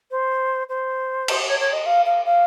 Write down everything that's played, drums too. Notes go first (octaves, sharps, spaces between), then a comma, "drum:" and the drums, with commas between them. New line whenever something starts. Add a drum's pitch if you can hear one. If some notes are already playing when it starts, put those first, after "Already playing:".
C5
C5
drum: cymbal
C#5
C#5
D#5
F5
F5
F5